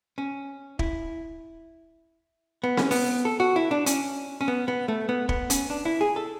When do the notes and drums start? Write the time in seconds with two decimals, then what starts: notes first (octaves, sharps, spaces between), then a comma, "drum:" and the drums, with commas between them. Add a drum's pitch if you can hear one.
0.18 C#4
0.79 E4, drum: kick
2.64 B3
2.77 C#4, drum: snare C4
2.91 B3, drum: open hi-hat
3.25 A4
3.40 F#4
3.56 E4
3.71 D4
3.86 C#4, drum: hi-hat
4.41 C#4
4.48 B3
4.68 B3
4.88 A3
5.09 B3
5.29 B3, drum: kick
5.50 C#4, drum: hi-hat
5.70 D4
5.85 E4
6.01 G#4
6.16 A4